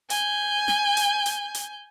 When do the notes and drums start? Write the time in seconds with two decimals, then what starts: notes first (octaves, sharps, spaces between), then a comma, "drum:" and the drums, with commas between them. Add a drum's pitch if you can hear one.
0.10 G#5 G6, drum: hi-hat
0.68 drum: snare
0.97 drum: hi-hat
1.26 drum: hi-hat
1.55 drum: hi-hat